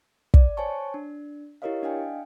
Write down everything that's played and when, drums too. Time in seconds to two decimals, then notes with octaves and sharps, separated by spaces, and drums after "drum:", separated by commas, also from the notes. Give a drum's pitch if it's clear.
0.34 D5, drum: kick
0.57 C5 C#5 G#5 A5 C#6
0.94 D4
1.62 E4 G4 A#4 C#5 D#5 F5
1.83 D4 D#5 F5 G5 G#5